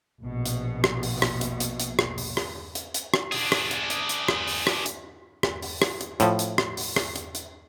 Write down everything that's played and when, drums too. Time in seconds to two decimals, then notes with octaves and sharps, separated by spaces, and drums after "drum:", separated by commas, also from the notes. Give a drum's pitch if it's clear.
0.21 A#1 B2
0.46 drum: hi-hat
0.84 drum: rim click
1.03 drum: open hi-hat
1.22 drum: rim click
1.41 drum: hi-hat
1.60 drum: hi-hat
1.80 drum: hi-hat
1.99 drum: rim click
2.18 drum: open hi-hat
2.37 drum: rim click
2.75 drum: hi-hat
2.94 drum: hi-hat
3.14 drum: rim click
3.32 D4 G#4, drum: open hi-hat
3.52 drum: rim click
3.71 drum: hi-hat
3.90 drum: hi-hat
4.09 drum: hi-hat
4.28 drum: rim click
4.48 drum: open hi-hat
4.67 drum: rim click
4.86 drum: hi-hat
5.43 drum: rim click
5.62 drum: open hi-hat
5.82 drum: rim click
6.01 drum: hi-hat
6.20 A2 F3, drum: hi-hat
6.39 drum: hi-hat
6.58 drum: rim click
6.77 drum: open hi-hat
6.96 drum: rim click
7.16 drum: hi-hat
7.35 drum: hi-hat